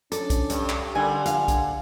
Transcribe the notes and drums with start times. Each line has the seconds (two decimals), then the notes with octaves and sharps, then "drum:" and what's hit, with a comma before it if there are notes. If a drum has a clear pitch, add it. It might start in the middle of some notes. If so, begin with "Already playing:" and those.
0.12 C#4 D4 A4 D5, drum: hi-hat
0.30 drum: kick B1, hi-hat
0.50 G2, drum: hi-hat
0.69 drum: clap
0.95 D3 D#3 G3 G#5
1.26 A#1 F5, drum: hi-hat
1.48 drum: kick B1, hi-hat